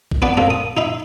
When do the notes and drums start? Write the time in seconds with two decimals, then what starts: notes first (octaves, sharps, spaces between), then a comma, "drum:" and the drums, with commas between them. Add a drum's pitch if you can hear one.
0.11 drum: kick A1
0.22 B3 D4 B4 D5
0.37 A#3 C4 D4 A4
0.50 D#6
0.77 D#4 E5 B5